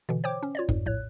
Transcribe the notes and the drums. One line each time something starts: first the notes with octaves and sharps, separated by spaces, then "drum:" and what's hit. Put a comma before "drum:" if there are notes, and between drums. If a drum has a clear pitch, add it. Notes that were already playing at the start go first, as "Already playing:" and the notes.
B2 D3 E3
C5 C#5 G5 D6
C#4
F4 C#5 D5
F2 G#2, drum: kick
A#1 A2 C#5 F#6